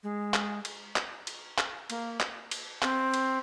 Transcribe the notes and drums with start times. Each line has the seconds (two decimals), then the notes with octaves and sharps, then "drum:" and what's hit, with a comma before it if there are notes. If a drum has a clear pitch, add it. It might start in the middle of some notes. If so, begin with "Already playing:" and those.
0.03 G#3
0.34 drum: clap
0.65 drum: cymbal
0.96 drum: clap
1.27 drum: cymbal
1.58 drum: clap
1.90 A#3, drum: cymbal
2.20 drum: clap
2.51 drum: cymbal
2.82 C4, drum: clap
3.14 drum: cymbal